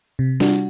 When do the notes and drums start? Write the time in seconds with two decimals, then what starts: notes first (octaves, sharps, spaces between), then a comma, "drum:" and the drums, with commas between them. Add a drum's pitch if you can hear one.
0.19 C3
0.40 G3 D4 F#4, drum: snare F4